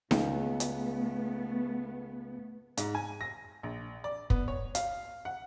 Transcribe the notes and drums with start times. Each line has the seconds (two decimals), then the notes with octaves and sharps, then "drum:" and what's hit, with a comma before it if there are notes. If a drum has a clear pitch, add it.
0.11 C#2 A3 B3, drum: snare D#4
0.60 drum: hi-hat
2.77 G#2, drum: hi-hat
2.95 G#5
3.21 A#6
3.63 A#1
4.04 D5
4.30 B3, drum: kick
4.48 C#5
4.75 F5, drum: hi-hat
5.25 F#5